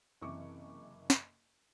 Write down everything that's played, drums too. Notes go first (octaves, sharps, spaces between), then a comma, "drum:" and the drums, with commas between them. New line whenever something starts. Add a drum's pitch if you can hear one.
F#1 C3 E3 C#6 D6
drum: snare